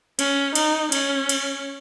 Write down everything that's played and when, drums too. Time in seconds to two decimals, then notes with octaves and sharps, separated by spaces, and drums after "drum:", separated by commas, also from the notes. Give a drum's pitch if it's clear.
0.19 C#4, drum: cymbal
0.55 D#4, drum: cymbal
0.92 C#4, drum: cymbal
1.29 drum: cymbal